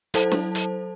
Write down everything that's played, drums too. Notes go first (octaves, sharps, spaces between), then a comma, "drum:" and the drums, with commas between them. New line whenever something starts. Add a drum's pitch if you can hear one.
F#3 E4 A4 C5 A5, drum: hi-hat
drum: snare
drum: hi-hat